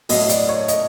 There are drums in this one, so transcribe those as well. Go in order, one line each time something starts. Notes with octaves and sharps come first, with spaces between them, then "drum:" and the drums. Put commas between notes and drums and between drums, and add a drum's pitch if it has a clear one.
A2 F#3 D#5, drum: open hi-hat
D5, drum: hi-hat
C#5
D#5, drum: hi-hat